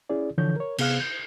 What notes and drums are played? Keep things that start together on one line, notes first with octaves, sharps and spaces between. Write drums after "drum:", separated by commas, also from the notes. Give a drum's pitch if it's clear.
C#4 E4 G#4 D5
D3 E3 F3 A4 C#5 G6
A#4 C#5
C3 B3 G#4 F5 F6 F#6, drum: cymbal
G6